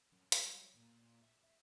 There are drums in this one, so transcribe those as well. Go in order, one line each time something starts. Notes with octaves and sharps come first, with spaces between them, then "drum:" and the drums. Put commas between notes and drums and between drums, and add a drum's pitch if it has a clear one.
F#2
F#3 G3, drum: hi-hat
A#2
E5
E5